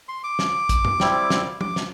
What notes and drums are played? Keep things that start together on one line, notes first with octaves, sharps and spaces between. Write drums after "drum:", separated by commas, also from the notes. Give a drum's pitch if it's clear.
C6
D6
drum: snare
drum: kick, hi-hat
drum: tom G2
G3 C4 E4, drum: snare
drum: snare
D6, drum: tom
drum: snare